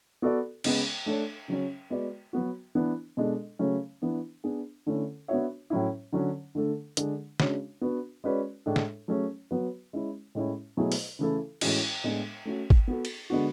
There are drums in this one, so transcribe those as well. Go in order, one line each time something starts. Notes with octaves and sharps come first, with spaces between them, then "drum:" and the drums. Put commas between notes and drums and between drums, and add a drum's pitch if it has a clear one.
B3 F#4 A4 D5
C#3 G#3 B3, drum: cymbal
A3 D4 A4 C#5
C#3 F#3 C#4
G#3 B3 F#4 B4 D5
F#3 B3 F#4
E3 B3 D4
B2 G#3 D4 A4
C#3 F#3 A3 C#4
E3 B3 D4
B3 D4 G#4
D3 A3 C#4 E4 A4
B3 D4 F#4 C#5 E5
A2 F#3 C#4 E4
D3 F#3 C#4
D3 A3 D4 A4
D3 G#3 D4 G#4, drum: hi-hat
C#3 G#3 D4 F#4 C#5, drum: snare
B3 D4 F#4 B4
G#3 C#4 F#4 B4 D5
A2 G#3 D4 A4
drum: snare
F#3 A3 C#4 G#4
F#3 B3 F#4 B4
G#3 C#4 E4
A2 G#3 C#4 E4
B2 F#3 A3 E4 G#4
drum: open hi-hat
C#3 E3 A3 E4 A4
A2 E3 G#3 C#4 F#4, drum: cymbal
A2 G#3 B3 D4 G#4
A3 C#4 F#4
drum: kick
B3 F#4 A4
drum: cymbal
D3 G#3 B3 D4 F#4